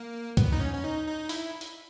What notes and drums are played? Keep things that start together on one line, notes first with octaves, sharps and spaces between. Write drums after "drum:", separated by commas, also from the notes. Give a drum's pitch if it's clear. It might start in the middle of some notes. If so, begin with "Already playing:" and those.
Already playing: A#3
B3, drum: kick, hi-hat
D#4
C#4
C#4
D#4
D#4
E4, drum: open hi-hat
drum: open hi-hat